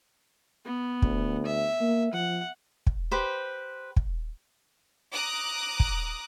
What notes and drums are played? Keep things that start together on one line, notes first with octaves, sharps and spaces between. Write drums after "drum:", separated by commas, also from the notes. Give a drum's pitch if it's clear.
B3
D2, drum: kick
E5
A#3
F3 F#5
drum: kick
G4 B4 C5
drum: kick
A#5 D6 D#6 F#6
drum: kick